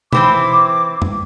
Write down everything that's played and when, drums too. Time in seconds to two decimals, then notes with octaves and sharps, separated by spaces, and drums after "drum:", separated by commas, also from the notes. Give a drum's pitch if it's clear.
0.13 E3 C4 E4 D6, drum: tom B2
1.02 drum: tom F2